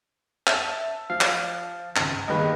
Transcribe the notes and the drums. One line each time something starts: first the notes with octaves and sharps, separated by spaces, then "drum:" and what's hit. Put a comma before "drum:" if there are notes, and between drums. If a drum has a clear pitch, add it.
E5 A5, drum: clap
F3 F5
drum: clap
G#1 C#2, drum: clap
G2 D#3 A#3 G#4 B4 D#5